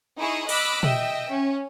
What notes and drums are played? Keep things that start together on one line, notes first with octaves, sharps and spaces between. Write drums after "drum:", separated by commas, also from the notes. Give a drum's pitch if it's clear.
D#4 E4 G#4 C#6 D#6
D#5 B5 D6 E6 F#6 B6, drum: cymbal
D#5 E5 G5, drum: tom
C#4